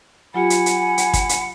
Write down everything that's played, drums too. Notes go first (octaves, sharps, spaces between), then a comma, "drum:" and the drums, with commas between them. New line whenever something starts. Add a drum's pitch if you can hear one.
F#3 F4 G4 F#5 G#5 B5
drum: hi-hat
drum: hi-hat
drum: hi-hat
drum: kick, hi-hat
drum: hi-hat